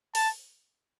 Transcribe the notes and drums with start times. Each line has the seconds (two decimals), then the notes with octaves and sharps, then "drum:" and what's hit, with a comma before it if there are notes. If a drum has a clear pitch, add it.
0.15 A5, drum: open hi-hat